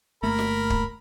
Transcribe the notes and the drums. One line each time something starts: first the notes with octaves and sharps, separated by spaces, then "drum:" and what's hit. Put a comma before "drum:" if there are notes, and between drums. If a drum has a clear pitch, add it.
G1 A3 A#3 A#4 B5
drum: snare
drum: kick